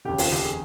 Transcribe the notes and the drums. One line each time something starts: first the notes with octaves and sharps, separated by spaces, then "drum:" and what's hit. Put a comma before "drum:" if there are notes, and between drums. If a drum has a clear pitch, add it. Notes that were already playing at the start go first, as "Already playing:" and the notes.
F1 D#2 C#3 G4
F4, drum: open hi-hat
G4, drum: snare
G#4